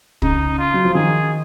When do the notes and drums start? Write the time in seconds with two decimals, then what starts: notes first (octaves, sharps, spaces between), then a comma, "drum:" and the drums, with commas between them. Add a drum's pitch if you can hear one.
0.22 C#3 D#4, drum: kick
0.58 F4
0.74 F#3
0.85 F3
0.94 D#3 G#4